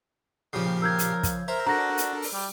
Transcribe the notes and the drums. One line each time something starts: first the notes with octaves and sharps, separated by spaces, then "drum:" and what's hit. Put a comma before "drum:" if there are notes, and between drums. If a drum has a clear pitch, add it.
A#2 C#3 F3 G4 C7
A#4 E6 G6 G#6
drum: hi-hat
drum: kick, hi-hat
A#4 C5 E5 A#5
D4 F#4 A4 A#4 A#5 A#6
drum: hi-hat
drum: open hi-hat
G3